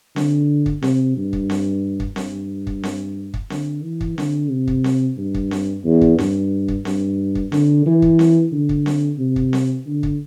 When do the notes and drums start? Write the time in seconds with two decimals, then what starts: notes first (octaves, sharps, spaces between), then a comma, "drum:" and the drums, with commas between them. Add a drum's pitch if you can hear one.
0.16 D3, drum: snare C4
0.66 drum: kick
0.82 C3, drum: snare C4
1.17 G2
1.33 drum: kick
1.50 drum: snare C4
2.00 drum: kick
2.16 G2, drum: snare C4
2.67 drum: kick
2.83 drum: snare C4
3.34 drum: kick
3.50 D3, drum: snare C4
3.83 E3
4.01 drum: kick
4.18 D3, drum: snare C4
4.50 C3
4.68 drum: kick
4.84 drum: snare C4
5.18 G2
5.34 drum: kick
5.51 drum: snare C4
5.84 E2
6.01 drum: kick
6.18 G2, drum: snare C4
6.68 drum: kick
6.85 G2, drum: snare C4
7.35 drum: kick
7.52 D3, drum: snare C4
7.86 E3
8.02 drum: kick
8.19 drum: snare C4
8.52 D3
8.69 drum: kick
8.86 drum: snare C4
9.19 C3
9.36 drum: kick
9.53 drum: snare C4
9.86 D3
10.03 drum: kick